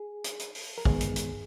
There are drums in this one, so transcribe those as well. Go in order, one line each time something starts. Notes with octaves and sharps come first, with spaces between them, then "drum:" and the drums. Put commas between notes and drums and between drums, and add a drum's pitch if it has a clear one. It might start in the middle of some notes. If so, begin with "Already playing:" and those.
Already playing: G#4
drum: hi-hat
drum: hi-hat
drum: open hi-hat
A#4
D#3 G#3 B3 G#4, drum: kick
drum: hi-hat
drum: hi-hat